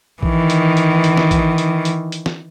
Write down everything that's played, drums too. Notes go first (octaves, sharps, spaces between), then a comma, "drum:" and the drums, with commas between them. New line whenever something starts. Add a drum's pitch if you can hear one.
D#3 E3, drum: kick A#1
drum: hi-hat
drum: hi-hat
drum: hi-hat
drum: snare
drum: kick A#1, hi-hat
drum: hi-hat
drum: hi-hat
drum: hi-hat
drum: snare